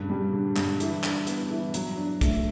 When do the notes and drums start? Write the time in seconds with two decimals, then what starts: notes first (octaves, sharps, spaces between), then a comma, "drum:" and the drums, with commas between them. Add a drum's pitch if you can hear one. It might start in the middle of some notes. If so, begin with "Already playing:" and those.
Already playing: G2 C#3
0.09 G3
0.33 D3
0.56 G2, drum: clap
0.80 E3, drum: hi-hat
1.04 D4, drum: clap
1.27 B3, drum: hi-hat
1.51 E3
1.74 F#3, drum: hi-hat
1.97 D4
2.21 A3, drum: kick, hi-hat